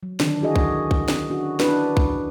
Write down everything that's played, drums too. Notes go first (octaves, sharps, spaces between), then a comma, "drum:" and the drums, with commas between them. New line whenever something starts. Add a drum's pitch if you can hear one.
F#3
D3 D#3 D4, drum: snare
E4 F#4 G#4 D#5
drum: kick B1
drum: kick B1
drum: snare
C#4 D4 F#4
D4 E4 F#4 B4, drum: snare
drum: kick B1